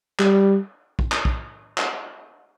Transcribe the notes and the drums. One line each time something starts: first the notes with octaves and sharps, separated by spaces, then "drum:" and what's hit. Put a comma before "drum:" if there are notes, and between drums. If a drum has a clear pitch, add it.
G3, drum: clap
drum: kick
drum: clap
drum: kick
drum: clap